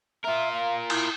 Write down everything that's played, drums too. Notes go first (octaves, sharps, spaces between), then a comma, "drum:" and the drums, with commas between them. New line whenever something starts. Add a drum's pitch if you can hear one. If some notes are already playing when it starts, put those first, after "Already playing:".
F4 A#4 E5
F5
E4, drum: cymbal